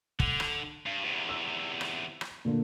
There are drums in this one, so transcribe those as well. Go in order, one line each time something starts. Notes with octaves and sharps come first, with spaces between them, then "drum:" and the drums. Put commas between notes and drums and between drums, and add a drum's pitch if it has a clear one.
D3, drum: kick
drum: rim click
G2
E2 C3
E6
drum: rim click
drum: rim click
A#2 D3 A#3